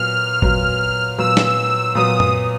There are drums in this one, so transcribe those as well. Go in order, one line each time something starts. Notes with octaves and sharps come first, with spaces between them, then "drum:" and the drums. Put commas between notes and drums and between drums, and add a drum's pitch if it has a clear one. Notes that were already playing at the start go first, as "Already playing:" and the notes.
Already playing: A#2 F#3 B3 F6
A#2 F#3 B3, drum: kick G#1
A#2 F#3 B3 E6
drum: snare
A#2 F#3 B3 D#6
drum: tom F#2